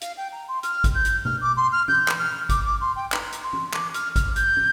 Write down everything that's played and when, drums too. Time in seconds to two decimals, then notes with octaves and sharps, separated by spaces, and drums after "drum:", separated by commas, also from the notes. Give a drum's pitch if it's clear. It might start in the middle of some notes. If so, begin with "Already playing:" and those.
0.01 F5, drum: hi-hat
0.17 G5
0.32 A#5
0.48 C6
0.63 F6, drum: hi-hat
0.84 drum: kick G#1, hi-hat
0.95 G6
1.05 drum: hi-hat
1.25 F6, drum: tom B2
1.41 D6
1.57 C6
1.72 F6
1.88 G6, drum: tom
2.08 drum: clap
2.19 F6
2.49 D6, drum: kick G#1, hi-hat
2.65 D6
2.81 C6
2.96 G5
3.12 A#5, drum: clap
3.32 drum: hi-hat
3.43 C6
3.53 drum: tom
3.73 D6, drum: clap
3.94 F6, drum: hi-hat
4.16 F6, drum: kick G#1, hi-hat
4.36 G6, drum: hi-hat
4.57 drum: tom